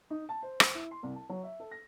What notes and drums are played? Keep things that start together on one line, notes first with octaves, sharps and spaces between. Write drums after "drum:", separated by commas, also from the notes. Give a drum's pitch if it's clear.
D#4
A5
C5
C5, drum: rim click
E4
C6
C2
A5
F#3
E5
A4
A#6